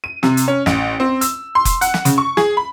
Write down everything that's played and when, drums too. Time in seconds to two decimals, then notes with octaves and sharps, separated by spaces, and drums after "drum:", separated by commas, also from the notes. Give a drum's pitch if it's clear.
0.04 D#7
0.23 C3, drum: snare
0.37 drum: hi-hat
0.48 C#4
0.66 A1, drum: snare
1.00 C4
1.21 E6, drum: hi-hat
1.55 C6
1.65 drum: kick F1, hi-hat
1.81 F#5, drum: hi-hat
1.94 drum: snare
2.05 C#3, drum: hi-hat
2.18 C#6
2.37 G#4, drum: snare
2.57 B5